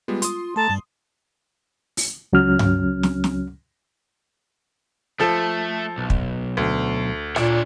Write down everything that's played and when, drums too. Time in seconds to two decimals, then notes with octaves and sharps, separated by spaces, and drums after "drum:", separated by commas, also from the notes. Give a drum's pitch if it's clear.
0.08 G3 G#3 B3 F4
0.22 C6 D#6, drum: hi-hat
0.56 A3 A4 A5 A#5
0.70 G2 G3
1.97 drum: open hi-hat
2.33 C#2 F#3 C#4 F6
2.59 drum: tom G2
3.03 drum: snare
3.24 drum: snare
5.20 F3 A3 A4
5.98 B1
6.10 drum: kick
6.57 D2
7.36 A#2 D4 C#5, drum: rim click